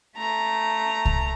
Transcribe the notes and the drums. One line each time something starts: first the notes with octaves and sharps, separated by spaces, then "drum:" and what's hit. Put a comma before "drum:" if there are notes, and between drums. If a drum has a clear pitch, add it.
A3 A#5
drum: kick C2